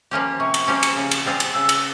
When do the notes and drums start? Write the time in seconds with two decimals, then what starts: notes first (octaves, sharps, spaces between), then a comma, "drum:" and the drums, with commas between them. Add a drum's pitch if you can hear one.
0.11 F3 A#3 C#4 G4
0.39 C3 C#6
0.54 drum: cymbal
0.67 F3 A#3 C#4 G4
0.83 drum: cymbal
0.96 C#3
1.11 drum: cymbal
1.26 G3 C4 F4 G#4
1.40 drum: cymbal
1.54 C#3 E6
1.69 drum: cymbal